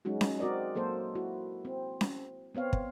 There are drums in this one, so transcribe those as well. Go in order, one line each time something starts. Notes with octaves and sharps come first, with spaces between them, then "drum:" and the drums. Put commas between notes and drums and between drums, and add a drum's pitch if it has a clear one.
F#3 G#3 C#4 D#4 F#4
drum: snare C#4
C4 F#4 A#4 D5 D#5
F#3 A#3 A4 C5
E4 F#4
C4
drum: snare C#4
B3 C4 C#5 F5
drum: kick